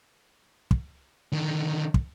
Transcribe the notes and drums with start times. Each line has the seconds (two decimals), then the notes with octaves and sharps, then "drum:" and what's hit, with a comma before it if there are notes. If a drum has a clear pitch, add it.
0.71 drum: kick
1.32 D3 D#3
1.94 drum: kick